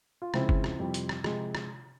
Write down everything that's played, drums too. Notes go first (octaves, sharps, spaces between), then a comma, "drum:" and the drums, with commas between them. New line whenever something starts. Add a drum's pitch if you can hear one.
F4
C#2 C#3 F3 C4 E4, drum: rim click
drum: kick F#1
drum: rim click
F2 C3 G3
drum: hi-hat
drum: rim click
C3 F3 G#3, drum: rim click
drum: rim click